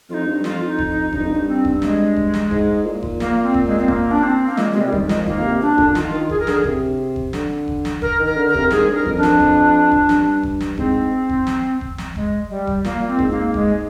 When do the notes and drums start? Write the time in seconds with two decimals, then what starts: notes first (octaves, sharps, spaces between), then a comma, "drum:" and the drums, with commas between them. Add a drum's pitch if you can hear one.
0.10 F2 D#4 F4
0.26 G2
0.44 F2 F4, drum: snare
0.67 D#4
0.79 drum: kick F1
0.90 D#4
1.13 G2 D#4, drum: kick F1
1.21 F2
1.28 G2
1.48 C4
1.65 drum: kick F1
1.82 A#3, drum: snare
1.85 G#3
2.16 drum: kick F1
2.34 drum: snare
2.51 G#2, drum: kick F1
2.85 A#2
3.02 drum: kick F1
3.20 A#3, drum: snare
3.43 C4
3.54 drum: kick F1
3.66 G#3
3.79 C4
3.88 A#3, drum: kick F1
4.11 D4
4.23 C4
4.47 A#3
4.57 A#2 G#3, drum: snare
4.72 C3 G#3
4.81 G3
4.92 D#3, drum: kick F1
5.03 G#3
5.09 F3, drum: snare
5.26 D#3 A#3, drum: kick F1
5.43 C3
5.61 A#2 D4
5.78 D3, drum: kick F1
5.95 D#3 F4, drum: snare
6.13 D#3
6.29 G#4, drum: kick F1
6.40 A#4
6.47 D3 G#4, drum: snare
6.64 C3, drum: kick F1
7.16 drum: kick F1
7.33 D3, drum: snare
7.68 drum: kick F1
7.85 drum: snare
8.02 A#4, drum: kick F1
8.19 D#3
8.25 A#4
8.37 D3
8.48 A#4
8.54 C3, drum: kick F1
8.71 G#2 G#4, drum: snare
8.89 G2
8.94 A#4
9.05 F2, drum: kick F1
9.17 D4
9.23 F2, drum: snare
9.40 drum: kick F1
9.92 drum: kick F1
10.09 G2, drum: snare
10.43 drum: kick F1
10.60 drum: snare
10.78 G#2 C4, drum: kick F1
11.29 drum: kick F1
11.47 drum: snare
11.81 drum: kick F1
11.98 drum: snare
12.16 G#3, drum: kick F1
12.50 G3
12.67 drum: kick F1
12.85 A#2 A#3, drum: snare
13.08 C4
13.19 G#2, drum: kick F1
13.31 A#3
13.54 G#3, drum: kick F1